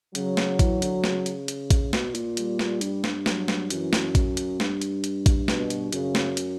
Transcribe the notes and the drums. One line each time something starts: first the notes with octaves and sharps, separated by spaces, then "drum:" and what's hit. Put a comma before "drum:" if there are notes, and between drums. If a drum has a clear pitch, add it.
C#3 F#3, drum: hi-hat
drum: snare
E3, drum: kick, hi-hat
D3, drum: hi-hat
C#3, drum: snare
drum: hi-hat
drum: hi-hat
drum: kick, hi-hat
B2, drum: snare
A#2, drum: hi-hat
G3, drum: hi-hat
drum: snare
G2, drum: hi-hat
drum: snare
F#3, drum: snare
drum: snare
F#2 E3, drum: hi-hat
drum: snare
drum: kick, hi-hat
drum: hi-hat
G2, drum: snare
drum: hi-hat
drum: hi-hat
drum: kick, hi-hat
B2, drum: snare
drum: hi-hat
F#2 C#3, drum: hi-hat
drum: snare
drum: hi-hat